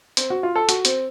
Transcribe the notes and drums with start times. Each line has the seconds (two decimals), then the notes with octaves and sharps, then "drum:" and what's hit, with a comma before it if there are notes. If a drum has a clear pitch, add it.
0.17 C4, drum: hi-hat
0.30 F#4
0.43 F4
0.56 A4
0.69 F#4, drum: hi-hat
0.85 C4, drum: hi-hat